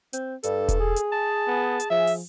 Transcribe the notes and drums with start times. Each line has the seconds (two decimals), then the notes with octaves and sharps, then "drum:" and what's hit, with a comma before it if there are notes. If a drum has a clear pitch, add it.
0.13 C4, drum: hi-hat
0.43 G2 A4, drum: hi-hat
0.69 drum: kick E1, hi-hat
0.80 G#4
0.96 drum: hi-hat
1.12 A5
1.47 B3
1.80 drum: hi-hat
1.90 F3 E5
2.07 drum: open hi-hat